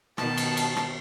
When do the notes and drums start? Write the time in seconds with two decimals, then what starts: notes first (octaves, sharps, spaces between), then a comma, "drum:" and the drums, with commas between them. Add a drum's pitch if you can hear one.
0.18 B2 D#3 A5, drum: rim click
0.37 drum: cymbal
0.57 drum: cymbal
0.76 drum: rim click